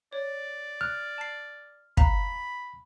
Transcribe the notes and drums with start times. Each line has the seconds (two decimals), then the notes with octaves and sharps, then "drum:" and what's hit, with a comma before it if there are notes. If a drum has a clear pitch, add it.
0.13 C#5 D5
0.81 F6 F#6
1.18 A5 C7
1.97 F5 A#5 B5, drum: kick